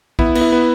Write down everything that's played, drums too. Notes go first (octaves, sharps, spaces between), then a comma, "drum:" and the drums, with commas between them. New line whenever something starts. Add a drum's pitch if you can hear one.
B3 E4, drum: kick B1
B3, drum: cymbal
E4
B3